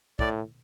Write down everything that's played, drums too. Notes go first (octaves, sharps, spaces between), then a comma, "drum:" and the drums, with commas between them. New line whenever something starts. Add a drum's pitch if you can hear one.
A2 D5, drum: kick